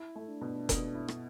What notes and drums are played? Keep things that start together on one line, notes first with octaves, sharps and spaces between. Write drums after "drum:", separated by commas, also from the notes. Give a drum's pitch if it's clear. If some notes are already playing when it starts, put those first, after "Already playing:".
Already playing: E4
A3
D4
B2
B2, drum: kick F1, hi-hat
E4
drum: rim click